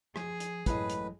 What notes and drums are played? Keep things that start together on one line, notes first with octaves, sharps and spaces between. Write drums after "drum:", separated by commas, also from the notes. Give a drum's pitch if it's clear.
F3 G#4, drum: rim click
drum: hi-hat
A1 A2 F#3 G#3 B4 D#5, drum: kick, hi-hat
drum: hi-hat